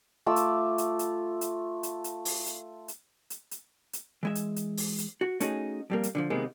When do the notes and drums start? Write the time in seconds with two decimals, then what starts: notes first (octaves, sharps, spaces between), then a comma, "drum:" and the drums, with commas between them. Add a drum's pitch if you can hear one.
0.26 A3 F4 D6 E6
0.36 drum: hi-hat
0.78 drum: hi-hat
0.99 drum: hi-hat
1.41 drum: hi-hat
1.83 drum: hi-hat
2.04 drum: hi-hat
2.25 drum: open hi-hat
2.46 drum: hi-hat
2.88 drum: hi-hat
3.30 drum: hi-hat
3.51 drum: hi-hat
3.93 drum: hi-hat
4.23 E3 G#3 E5
4.35 drum: hi-hat
4.56 drum: hi-hat
4.77 drum: open hi-hat
4.98 drum: hi-hat
5.21 F#4
5.40 A3 C#4 D#4 F#4 G#4, drum: hi-hat
5.90 F2 G3 A#3
6.03 drum: hi-hat
6.15 D3 D#3 F3
6.30 C3 D#3 G#3 A#3 B3